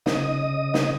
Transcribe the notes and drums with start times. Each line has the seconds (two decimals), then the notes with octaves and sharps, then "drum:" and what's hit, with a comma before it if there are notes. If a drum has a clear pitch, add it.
0.06 C#3 D#5 D#6, drum: snare
0.74 drum: snare